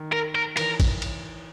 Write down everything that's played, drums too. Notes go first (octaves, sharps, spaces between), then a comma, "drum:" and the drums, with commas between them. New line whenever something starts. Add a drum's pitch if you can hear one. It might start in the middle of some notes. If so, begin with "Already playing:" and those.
Already playing: D#3
A#4
A#4
E3 A#4, drum: cymbal
drum: kick A1, cymbal
drum: cymbal